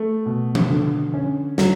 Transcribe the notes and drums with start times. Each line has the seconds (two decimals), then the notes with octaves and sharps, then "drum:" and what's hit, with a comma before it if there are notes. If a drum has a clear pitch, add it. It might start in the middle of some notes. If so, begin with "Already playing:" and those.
Already playing: A3
0.26 B2
0.55 drum: tom E3
0.70 D3
1.14 C#4
1.58 F#3, drum: snare